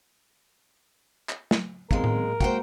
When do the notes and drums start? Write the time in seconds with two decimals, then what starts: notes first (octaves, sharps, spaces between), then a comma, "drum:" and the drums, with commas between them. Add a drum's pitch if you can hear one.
1.29 drum: clap
1.51 drum: snare
1.91 A#2 D#3 G#3 B3 C4 A#4, drum: kick
2.04 drum: tom A2
2.40 G#3 A#3 F#4 C5 F#5 G5, drum: kick